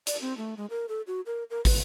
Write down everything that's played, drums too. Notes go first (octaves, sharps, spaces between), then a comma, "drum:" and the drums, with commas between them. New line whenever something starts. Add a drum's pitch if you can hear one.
D5, drum: hi-hat
C4
A3
G#3
A#4
A4
F#4
A#4
A#4
B4, drum: kick, open hi-hat